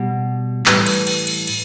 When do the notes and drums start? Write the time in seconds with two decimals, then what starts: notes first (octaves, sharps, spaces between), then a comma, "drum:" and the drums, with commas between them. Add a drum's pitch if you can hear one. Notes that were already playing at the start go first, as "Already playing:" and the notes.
Already playing: B2 G3
0.66 A2 E3 G3 B4, drum: clap
0.86 drum: cymbal
1.07 drum: cymbal
1.27 drum: cymbal
1.47 drum: cymbal